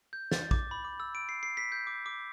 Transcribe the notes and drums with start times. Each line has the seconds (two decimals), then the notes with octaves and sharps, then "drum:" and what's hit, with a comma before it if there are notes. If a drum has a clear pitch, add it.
0.13 G6
0.31 A6, drum: snare
0.51 D6, drum: kick A#1
0.71 B5
0.85 D6
1.00 E6
1.15 D7
1.29 C7
1.43 C7
1.57 B6
1.72 G6
1.87 D6
2.06 D6